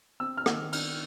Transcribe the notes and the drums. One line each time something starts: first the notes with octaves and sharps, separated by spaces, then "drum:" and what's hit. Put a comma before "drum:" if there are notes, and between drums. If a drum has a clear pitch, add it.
C4 E6
F6
D#3, drum: rim click
D4 F6, drum: cymbal